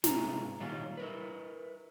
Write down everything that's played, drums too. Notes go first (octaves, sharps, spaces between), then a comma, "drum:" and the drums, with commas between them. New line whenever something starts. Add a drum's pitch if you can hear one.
G#2 C3 B3 F4 G#4 A#5, drum: snare
A#2 D#3 F#3 G3 F4
E4 A#4 B4